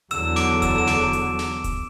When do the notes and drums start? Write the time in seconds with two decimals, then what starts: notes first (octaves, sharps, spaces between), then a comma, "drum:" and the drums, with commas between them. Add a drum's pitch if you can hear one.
0.11 E2 D3 F#3 E6 E7, drum: hi-hat
0.36 D6 D7, drum: snare
0.62 E6 E7, drum: kick D1, hi-hat
0.78 E7
0.87 D6 D7, drum: snare
1.13 drum: hi-hat
1.39 drum: snare
1.64 drum: kick D1, hi-hat